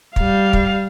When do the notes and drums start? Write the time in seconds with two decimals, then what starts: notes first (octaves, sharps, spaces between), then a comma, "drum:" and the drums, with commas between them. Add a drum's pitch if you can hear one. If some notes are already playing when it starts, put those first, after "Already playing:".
0.16 G3 F5, drum: kick
0.53 drum: kick